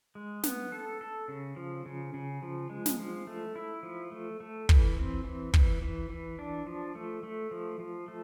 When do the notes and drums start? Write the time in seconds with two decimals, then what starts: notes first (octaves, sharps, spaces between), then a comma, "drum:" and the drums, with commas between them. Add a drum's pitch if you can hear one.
0.15 G#3
0.43 B3, drum: snare
0.72 A4
1.01 A4
1.28 C#3
1.56 F3
1.86 C#3
2.14 C#3
2.43 F3
2.70 G#3
2.86 drum: snare
2.99 F3
3.27 A3
3.56 E4
3.83 F3
4.12 A3
4.40 A3
4.69 E3, drum: kick
4.96 C4
5.24 E3
5.54 E3, drum: kick
5.82 E3
6.10 E3
6.39 D4
6.66 F3
6.95 A3
7.23 A3
7.51 F3
7.80 F3
8.08 A3